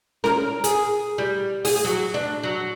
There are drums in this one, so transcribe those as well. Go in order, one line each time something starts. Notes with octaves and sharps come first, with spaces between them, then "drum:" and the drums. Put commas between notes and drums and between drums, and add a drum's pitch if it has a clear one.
A#4, drum: snare C#4
G#4, drum: hi-hat
G3
G#4, drum: open hi-hat
F#3
D4
F#3